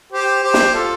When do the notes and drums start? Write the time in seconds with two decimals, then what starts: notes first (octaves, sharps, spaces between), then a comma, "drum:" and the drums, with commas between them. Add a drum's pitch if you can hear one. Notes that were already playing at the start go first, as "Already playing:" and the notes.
0.12 G4 C5
0.43 G4 C5
0.54 drum: snare
0.74 F4 A4